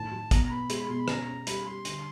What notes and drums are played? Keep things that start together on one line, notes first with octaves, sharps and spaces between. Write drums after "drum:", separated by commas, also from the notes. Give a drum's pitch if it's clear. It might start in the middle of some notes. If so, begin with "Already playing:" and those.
Already playing: A2 D#3 A5
F#3
B2 A#5, drum: kick, hi-hat
A#5
B3 B5
G#3 C6, drum: hi-hat
B5
B2 C6
B5
C#4 A#5, drum: rim click
C#4
G3 B5, drum: hi-hat
G3 C6
D3, drum: hi-hat